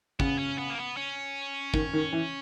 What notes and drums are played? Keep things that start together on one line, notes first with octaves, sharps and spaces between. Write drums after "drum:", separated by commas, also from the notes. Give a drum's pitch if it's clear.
C#3 B3, drum: kick
C#4
B3
A#3
B3
C#4
D#3, drum: kick
D#3
E3